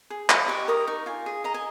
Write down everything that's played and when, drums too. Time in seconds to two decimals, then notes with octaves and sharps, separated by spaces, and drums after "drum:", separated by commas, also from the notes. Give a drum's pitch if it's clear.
0.10 G#4
0.30 D#5 C6, drum: clap
0.48 G4 C#6
0.68 A#4 D#6
0.87 D#4 C#6
1.06 F4 G#5
1.26 G#4
1.44 D#5 A#5
1.54 G#5